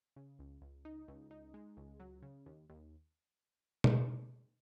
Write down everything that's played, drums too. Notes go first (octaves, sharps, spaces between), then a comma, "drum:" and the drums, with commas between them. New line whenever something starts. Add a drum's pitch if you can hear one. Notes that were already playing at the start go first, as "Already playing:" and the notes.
C#3
C#2
C#2
D#4
C#2
D#4
G#3
C#2
F#3
C#3
D#2
D#2
drum: tom B2